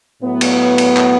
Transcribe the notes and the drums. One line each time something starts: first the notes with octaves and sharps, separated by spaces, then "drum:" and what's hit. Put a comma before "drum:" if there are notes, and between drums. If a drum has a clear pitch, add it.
A2 F#3 B3
drum: cymbal
drum: cymbal
drum: clap